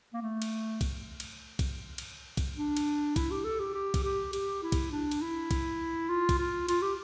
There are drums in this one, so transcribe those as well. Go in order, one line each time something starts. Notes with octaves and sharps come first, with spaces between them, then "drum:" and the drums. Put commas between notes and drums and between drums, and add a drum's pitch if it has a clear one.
A#3
A3
drum: cymbal
drum: kick, cymbal
drum: cymbal
drum: kick, cymbal
drum: cymbal
drum: kick, cymbal
D4
drum: cymbal
E4, drum: kick, cymbal
G4
A4
G4
G4
drum: kick, cymbal
G4
G4, drum: cymbal
E4
drum: kick, cymbal
D4
drum: cymbal
E4
drum: kick, cymbal
F4
drum: kick, cymbal
F4
F4, drum: cymbal
G4